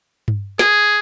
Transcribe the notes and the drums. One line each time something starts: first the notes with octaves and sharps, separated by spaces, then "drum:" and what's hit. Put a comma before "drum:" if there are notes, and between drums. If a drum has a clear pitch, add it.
drum: tom G2
G#4, drum: snare